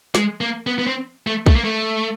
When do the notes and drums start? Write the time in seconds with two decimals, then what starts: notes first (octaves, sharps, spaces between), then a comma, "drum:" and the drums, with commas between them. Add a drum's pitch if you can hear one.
0.15 G#3, drum: snare
0.41 A#3
0.67 B3
0.79 B3
0.87 C4
1.27 A3
1.46 A3, drum: kick
1.55 A#3
1.64 A3